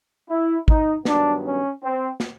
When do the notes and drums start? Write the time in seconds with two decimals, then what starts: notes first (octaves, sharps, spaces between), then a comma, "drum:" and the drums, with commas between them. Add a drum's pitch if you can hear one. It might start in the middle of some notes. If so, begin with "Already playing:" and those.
0.30 E4
0.68 D#4, drum: kick
1.05 G2 D#3 F#3 B3 D4, drum: snare
1.43 C#4
1.82 C4
2.20 drum: snare